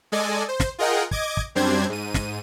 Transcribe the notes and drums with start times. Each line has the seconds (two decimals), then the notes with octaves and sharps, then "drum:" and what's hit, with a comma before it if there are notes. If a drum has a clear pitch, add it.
0.12 G#3 A4 D5 D#5 G#5
0.48 C5
0.60 drum: snare
0.78 F4 G#4 A#4 D#5 F#5 G5
1.11 D#5 D6 G#6, drum: kick
1.37 drum: kick
1.55 F#2 G3 C4 D4 C5 G#6
1.89 G#2 D#7
2.14 drum: snare